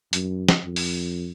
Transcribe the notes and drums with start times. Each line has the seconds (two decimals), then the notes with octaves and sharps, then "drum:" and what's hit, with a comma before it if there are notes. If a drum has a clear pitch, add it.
0.13 F#2, drum: hi-hat
0.49 drum: snare
0.65 F2
0.76 drum: open hi-hat